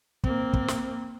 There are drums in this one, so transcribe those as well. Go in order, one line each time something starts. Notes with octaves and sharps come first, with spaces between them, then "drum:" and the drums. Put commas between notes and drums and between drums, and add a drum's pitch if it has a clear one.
A#3 C4, drum: kick
drum: kick
drum: snare